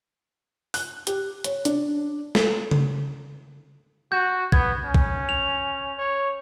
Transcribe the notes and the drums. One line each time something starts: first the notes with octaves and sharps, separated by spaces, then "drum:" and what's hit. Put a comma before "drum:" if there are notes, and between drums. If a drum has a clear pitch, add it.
F#6, drum: open hi-hat
G4, drum: hi-hat
C#5, drum: hi-hat
D4, drum: hi-hat
A4, drum: snare
drum: tom C#3
F#4 G6
B3 G6 G#6, drum: kick
C#4
drum: kick
F7
C#5